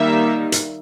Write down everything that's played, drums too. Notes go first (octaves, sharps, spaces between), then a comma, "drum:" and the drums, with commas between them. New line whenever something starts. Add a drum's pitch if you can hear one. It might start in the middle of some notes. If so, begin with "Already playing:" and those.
Already playing: D#3 G3 A#3 D#4 E5
drum: hi-hat